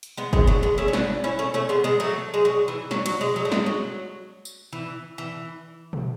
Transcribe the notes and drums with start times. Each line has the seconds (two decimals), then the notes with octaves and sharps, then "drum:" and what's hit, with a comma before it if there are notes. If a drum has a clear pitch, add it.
0.03 drum: hi-hat
0.17 G#3 B3
0.33 G#3 B3, drum: kick
0.47 F#3 A3
0.63 G#3 B3
0.78 A3 C#4
0.88 C#4
0.93 B3 D4, drum: snare
1.24 C#4 E4
1.39 A3 C#4
1.54 A3 C#4
1.69 G#3 B3
1.84 G#3 B3
2.00 F#3 A3
2.34 G#3
2.45 F#3
2.68 E3
2.91 F#3, drum: snare
3.06 F#3, drum: cymbal
3.21 G#3
3.36 F#3
3.45 A3
3.52 G#3, drum: snare
3.66 F#3
4.45 drum: tambourine
4.73 E3
5.18 E3
5.93 drum: tom B2